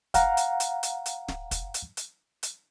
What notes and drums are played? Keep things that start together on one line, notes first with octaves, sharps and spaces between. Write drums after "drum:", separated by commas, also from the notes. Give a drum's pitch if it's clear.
F5 F#5 A#5, drum: kick, hi-hat
drum: hi-hat
drum: hi-hat
drum: hi-hat
drum: hi-hat
drum: snare
drum: kick, hi-hat
drum: hi-hat
drum: hi-hat
drum: hi-hat